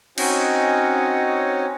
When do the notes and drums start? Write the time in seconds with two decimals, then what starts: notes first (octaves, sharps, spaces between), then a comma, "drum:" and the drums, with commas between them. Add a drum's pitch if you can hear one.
0.18 C4 C#4 D#4 F#4 C#5 D#5, drum: cymbal